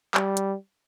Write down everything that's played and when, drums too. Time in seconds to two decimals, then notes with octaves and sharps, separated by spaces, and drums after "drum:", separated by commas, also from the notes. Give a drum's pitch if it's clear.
0.15 G3, drum: clap
0.37 drum: hi-hat